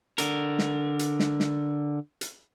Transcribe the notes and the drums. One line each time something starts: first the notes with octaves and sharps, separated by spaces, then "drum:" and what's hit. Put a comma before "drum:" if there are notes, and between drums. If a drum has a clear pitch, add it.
D3 A#4, drum: hi-hat
drum: snare
drum: hi-hat
drum: snare
drum: snare
drum: hi-hat